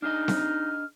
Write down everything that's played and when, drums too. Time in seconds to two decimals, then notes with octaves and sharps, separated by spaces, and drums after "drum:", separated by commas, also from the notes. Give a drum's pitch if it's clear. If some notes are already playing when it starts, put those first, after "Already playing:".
0.02 D4 D#4 G#4 D#5 F6
0.28 drum: snare C4